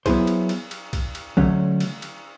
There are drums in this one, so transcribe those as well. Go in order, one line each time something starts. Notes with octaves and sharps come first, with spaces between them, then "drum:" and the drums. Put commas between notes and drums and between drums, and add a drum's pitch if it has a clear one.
F#3 B3 E4 G#4 C5, drum: kick B1, cymbal
drum: cymbal
drum: cymbal
drum: cymbal
drum: kick B1, cymbal
drum: cymbal
D3 F#3 A3 C#4, drum: kick B1
drum: cymbal
drum: cymbal